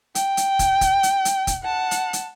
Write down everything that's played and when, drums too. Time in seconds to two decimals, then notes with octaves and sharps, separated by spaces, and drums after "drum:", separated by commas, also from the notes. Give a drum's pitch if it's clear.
0.15 G5, drum: hi-hat
0.37 drum: hi-hat
0.59 drum: kick, hi-hat
0.81 drum: kick, hi-hat
1.03 drum: hi-hat
1.25 drum: hi-hat
1.47 drum: kick, hi-hat
1.64 F#5 A5
1.91 drum: hi-hat
2.13 drum: hi-hat